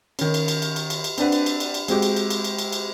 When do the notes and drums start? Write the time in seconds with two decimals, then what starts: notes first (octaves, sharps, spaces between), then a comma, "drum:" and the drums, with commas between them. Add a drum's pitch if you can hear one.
0.19 D#3 C#4, drum: cymbal
0.34 drum: cymbal
0.48 drum: cymbal
0.62 drum: cymbal
0.76 drum: cymbal
0.90 drum: cymbal
1.04 drum: cymbal
1.18 C4 D4 B4 F#5, drum: cymbal
1.32 drum: cymbal
1.46 drum: cymbal
1.60 drum: cymbal
1.74 drum: cymbal
1.88 G#3 C4 F#4 G4, drum: cymbal
2.02 drum: cymbal
2.16 drum: cymbal
2.30 drum: cymbal
2.44 drum: cymbal
2.59 drum: cymbal
2.73 drum: cymbal